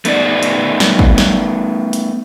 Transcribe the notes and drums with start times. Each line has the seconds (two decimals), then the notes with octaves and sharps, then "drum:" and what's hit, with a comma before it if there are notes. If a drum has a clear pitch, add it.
0.05 A3 B3 D#4 D5, drum: hi-hat
0.43 drum: hi-hat
0.80 drum: snare
0.99 drum: kick
1.18 drum: snare
1.93 drum: hi-hat